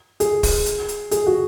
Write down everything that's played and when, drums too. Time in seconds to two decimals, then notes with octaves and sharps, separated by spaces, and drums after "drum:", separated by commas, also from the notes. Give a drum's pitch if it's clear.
0.20 G#4, drum: hi-hat
0.43 drum: kick, open hi-hat
0.66 drum: hi-hat
0.88 drum: hi-hat
1.11 G#4, drum: hi-hat
1.27 F#4